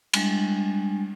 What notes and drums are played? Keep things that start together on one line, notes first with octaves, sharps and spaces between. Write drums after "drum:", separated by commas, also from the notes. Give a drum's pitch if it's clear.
G3 G#3 D4 G#5, drum: cymbal